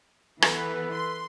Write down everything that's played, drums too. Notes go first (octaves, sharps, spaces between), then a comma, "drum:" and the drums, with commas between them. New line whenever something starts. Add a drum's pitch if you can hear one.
E3 B3 A4 B4, drum: rim click
C6